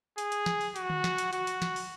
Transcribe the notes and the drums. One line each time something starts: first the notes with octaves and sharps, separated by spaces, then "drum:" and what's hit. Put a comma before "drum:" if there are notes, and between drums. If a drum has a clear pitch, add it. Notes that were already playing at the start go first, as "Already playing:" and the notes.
G#4, drum: hi-hat
drum: hi-hat
drum: snare
drum: open hi-hat
F#4, drum: hi-hat
drum: tom D3
drum: snare
drum: hi-hat
F#4, drum: hi-hat
drum: hi-hat
drum: snare
drum: open hi-hat